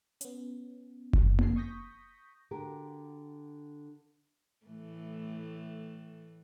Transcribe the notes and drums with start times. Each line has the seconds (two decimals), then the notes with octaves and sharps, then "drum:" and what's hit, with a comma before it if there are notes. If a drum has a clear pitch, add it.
0.21 B3 C#4, drum: hi-hat
1.13 drum: kick F#1
1.39 F2 D3 G#5 A5 C7, drum: tom A#3
1.56 C#6 D#6 G6 A#6 B6
2.51 D3 F#4 G4 A#4
4.66 A2 E3 A3